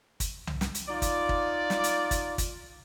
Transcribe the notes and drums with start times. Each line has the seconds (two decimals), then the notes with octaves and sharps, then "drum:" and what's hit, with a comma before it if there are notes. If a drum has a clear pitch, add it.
0.20 drum: kick, hi-hat
0.47 drum: tom C2
0.61 drum: snare
0.75 drum: hi-hat
0.88 D#4 F4 D5
1.02 drum: kick, hi-hat
1.29 drum: kick
1.70 drum: snare
1.84 drum: hi-hat
2.11 drum: kick, hi-hat
2.38 drum: kick, hi-hat